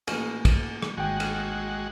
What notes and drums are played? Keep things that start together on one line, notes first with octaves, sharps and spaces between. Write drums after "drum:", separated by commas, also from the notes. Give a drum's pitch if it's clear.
A1 A#2 C#4, drum: cymbal
drum: kick, cymbal
drum: rim click
G#1 G#3 F#4 G5
drum: cymbal